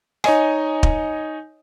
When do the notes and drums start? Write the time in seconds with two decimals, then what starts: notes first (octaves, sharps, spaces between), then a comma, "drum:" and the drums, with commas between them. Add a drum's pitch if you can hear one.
0.24 D#4 C#5 D#5 G#5, drum: rim click
0.83 drum: kick